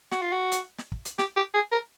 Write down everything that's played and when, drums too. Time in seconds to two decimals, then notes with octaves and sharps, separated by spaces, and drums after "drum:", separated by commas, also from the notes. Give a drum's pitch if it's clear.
0.11 F#4, drum: snare
0.21 F4
0.32 F#4
0.52 drum: hi-hat
0.78 drum: snare
0.92 drum: kick
1.05 drum: hi-hat
1.18 G4, drum: snare
1.36 G4
1.54 G#4
1.72 A#4